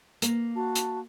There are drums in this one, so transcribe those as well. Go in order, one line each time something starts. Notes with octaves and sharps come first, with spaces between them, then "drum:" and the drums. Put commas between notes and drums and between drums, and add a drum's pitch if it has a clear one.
A#3, drum: hi-hat
F#4 A5
drum: hi-hat